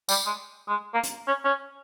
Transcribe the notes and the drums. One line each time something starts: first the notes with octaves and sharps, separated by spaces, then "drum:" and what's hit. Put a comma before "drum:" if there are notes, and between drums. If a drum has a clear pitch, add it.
G3, drum: tambourine
G#3
G#3
A#3
drum: hi-hat
C#4
C#4